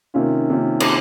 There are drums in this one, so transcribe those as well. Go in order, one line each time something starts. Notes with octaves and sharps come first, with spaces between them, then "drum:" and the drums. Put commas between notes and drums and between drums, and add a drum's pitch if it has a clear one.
C3 D#3 A#3 C#4 F4
C3 D#3 A#3 C#4 F4
drum: cymbal